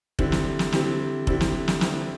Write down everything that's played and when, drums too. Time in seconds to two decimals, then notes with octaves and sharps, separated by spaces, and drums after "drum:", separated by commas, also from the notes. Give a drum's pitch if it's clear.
0.19 D3 G3 C4 E4 G4, drum: kick F1
0.32 drum: snare
0.59 drum: snare
0.72 D3 G3 C4 E4 G4, drum: snare
1.27 D3 G3 C4 E4 G4, drum: kick F1
1.41 drum: snare
1.68 drum: snare
1.81 D3 G3 C4 E4 G4, drum: snare